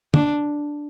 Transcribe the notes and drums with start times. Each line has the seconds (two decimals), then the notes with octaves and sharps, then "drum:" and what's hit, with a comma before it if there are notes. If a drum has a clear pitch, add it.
0.14 D4, drum: tom